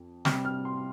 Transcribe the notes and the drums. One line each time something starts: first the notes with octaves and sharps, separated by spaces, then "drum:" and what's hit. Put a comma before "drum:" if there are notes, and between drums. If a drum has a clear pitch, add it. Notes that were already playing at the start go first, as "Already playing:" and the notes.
Already playing: F2
C3 G3 C4 F6, drum: snare
F6
C6